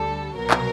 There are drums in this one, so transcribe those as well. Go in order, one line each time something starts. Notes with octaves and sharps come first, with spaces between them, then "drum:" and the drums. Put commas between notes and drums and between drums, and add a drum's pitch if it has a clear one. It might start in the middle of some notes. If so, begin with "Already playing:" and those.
Already playing: D2 D3 G3 A4
C2 B2 F#3 A#4
drum: clap